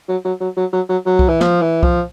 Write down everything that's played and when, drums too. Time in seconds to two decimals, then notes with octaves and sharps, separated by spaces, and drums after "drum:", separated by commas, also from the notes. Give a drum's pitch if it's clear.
0.08 F#3
0.25 F#3
0.40 F#3
0.57 F#3
0.73 F#3
0.89 F#3
1.06 F#3
1.19 drum: kick C2
1.29 E3
1.41 F3, drum: snare
1.62 E3
1.83 F3, drum: kick C2